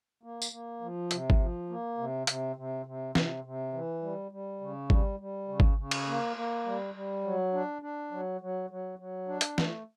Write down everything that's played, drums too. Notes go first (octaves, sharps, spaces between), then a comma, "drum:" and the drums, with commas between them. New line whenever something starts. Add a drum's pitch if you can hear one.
A#3
drum: tambourine
A#3
F3
C3, drum: hi-hat
drum: kick G#1
F3
A#3
C3
C3, drum: hi-hat
C3
C3
C3, drum: snare
C3
E3
G3
G3
C#3
G3, drum: kick G#1
G3
C#3
drum: kick G#1
C#3
drum: cymbal
A#3
A#3
G3
G3
F#3
D4
D4
F#3
F#3
F#3
F#3
D4
drum: hi-hat
A3, drum: snare